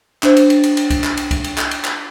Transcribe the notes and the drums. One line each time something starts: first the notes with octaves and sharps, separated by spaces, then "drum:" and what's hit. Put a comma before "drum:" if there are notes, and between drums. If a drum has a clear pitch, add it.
D4 C5, drum: clap
drum: cymbal
drum: cymbal
drum: cymbal
drum: cymbal
drum: kick C2, cymbal
drum: clap
drum: cymbal
drum: kick C2, cymbal
drum: cymbal
drum: clap
drum: cymbal
drum: clap